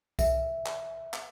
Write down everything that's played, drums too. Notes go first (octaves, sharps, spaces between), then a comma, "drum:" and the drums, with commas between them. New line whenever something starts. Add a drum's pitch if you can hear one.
E5, drum: kick C2, tambourine
drum: clap
drum: clap